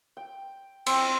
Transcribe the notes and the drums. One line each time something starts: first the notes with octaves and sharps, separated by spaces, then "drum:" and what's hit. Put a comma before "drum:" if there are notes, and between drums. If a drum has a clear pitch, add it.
G5
C4, drum: cymbal